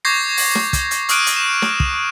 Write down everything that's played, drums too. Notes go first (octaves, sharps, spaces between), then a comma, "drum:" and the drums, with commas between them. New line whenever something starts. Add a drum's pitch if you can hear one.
C#6 D6 G6 G#6 A#6 C7
drum: open hi-hat
drum: snare
drum: kick, hi-hat
drum: hi-hat
C#6 D#6 F6 F#6 D7 D#7, drum: hi-hat
drum: hi-hat
E7
drum: snare
drum: kick